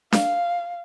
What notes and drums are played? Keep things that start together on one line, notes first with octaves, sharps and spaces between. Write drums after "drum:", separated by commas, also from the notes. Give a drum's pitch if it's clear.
F5, drum: snare D4